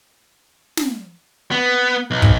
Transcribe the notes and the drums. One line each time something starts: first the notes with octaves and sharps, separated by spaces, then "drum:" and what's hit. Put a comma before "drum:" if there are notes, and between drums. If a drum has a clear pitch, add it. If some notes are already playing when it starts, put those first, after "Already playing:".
drum: snare
B3
B1
G#2, drum: kick